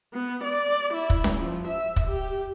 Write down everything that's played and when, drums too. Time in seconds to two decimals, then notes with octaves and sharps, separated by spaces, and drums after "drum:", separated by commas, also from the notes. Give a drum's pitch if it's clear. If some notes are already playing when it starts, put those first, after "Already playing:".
0.13 B3
0.44 D5
0.94 E4
1.10 drum: kick
1.24 drum: snare C#4
1.38 F3
1.67 E5
1.96 drum: kick
2.07 G4